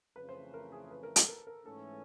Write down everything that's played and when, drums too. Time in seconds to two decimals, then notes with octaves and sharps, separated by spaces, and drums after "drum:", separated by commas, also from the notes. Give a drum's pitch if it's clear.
0.16 F2 C#3 E3 A3 B4
0.29 C5
0.54 A#4
0.72 G#4
0.91 B4
1.03 A#4
1.16 A4, drum: hi-hat
1.28 A#4
1.47 A#4
1.65 G#2 E3 A3 C#4 A4